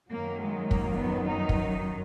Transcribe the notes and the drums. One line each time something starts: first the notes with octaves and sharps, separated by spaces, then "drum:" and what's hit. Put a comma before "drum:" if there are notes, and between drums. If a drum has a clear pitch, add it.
F#2 D#3 F#3 A#3
G#3
A#3, drum: kick
B3
D#4
drum: kick